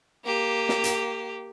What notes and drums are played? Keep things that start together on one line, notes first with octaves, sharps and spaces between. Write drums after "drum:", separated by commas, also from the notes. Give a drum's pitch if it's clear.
A#3 G4
drum: snare
drum: hi-hat